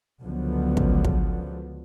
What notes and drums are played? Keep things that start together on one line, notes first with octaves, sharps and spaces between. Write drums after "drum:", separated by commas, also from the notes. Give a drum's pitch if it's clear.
C#2 D3 F3 F#3 B3
drum: kick
drum: kick